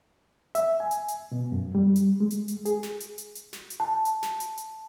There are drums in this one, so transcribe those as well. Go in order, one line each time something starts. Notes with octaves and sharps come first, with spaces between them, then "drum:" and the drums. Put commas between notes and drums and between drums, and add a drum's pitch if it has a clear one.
E5, drum: hi-hat
G#5
drum: hi-hat
drum: hi-hat
B2
F#2
G3
drum: hi-hat
G#3
drum: hi-hat
drum: hi-hat
G#4, drum: hi-hat
drum: snare
drum: hi-hat
drum: hi-hat
drum: hi-hat
drum: snare
drum: hi-hat
A5
drum: hi-hat
drum: snare
drum: hi-hat
drum: hi-hat